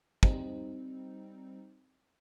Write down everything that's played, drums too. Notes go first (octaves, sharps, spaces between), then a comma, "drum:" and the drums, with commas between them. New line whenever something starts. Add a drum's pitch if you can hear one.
G3 C4 D#4, drum: kick